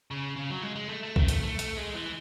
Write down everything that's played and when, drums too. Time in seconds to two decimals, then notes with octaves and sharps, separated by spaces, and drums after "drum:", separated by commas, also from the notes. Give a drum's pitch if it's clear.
0.11 C#3
0.36 C#3
0.50 F#3
0.62 G#3
0.76 G#3
0.89 A3
1.03 A3
1.16 D#3, drum: kick
1.28 A3, drum: hi-hat
1.42 A3
1.59 A3, drum: hi-hat
1.77 G#3
1.94 E3